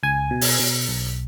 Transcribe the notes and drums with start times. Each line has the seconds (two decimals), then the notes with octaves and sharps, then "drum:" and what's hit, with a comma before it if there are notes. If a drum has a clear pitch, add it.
0.03 C#2 G#5
0.31 B2
0.41 drum: open hi-hat
0.60 B2
0.89 B1